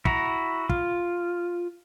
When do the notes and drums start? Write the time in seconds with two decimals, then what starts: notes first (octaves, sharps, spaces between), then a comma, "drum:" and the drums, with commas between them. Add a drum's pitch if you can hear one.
0.05 E4 F#4 A#5, drum: kick
0.69 F4, drum: kick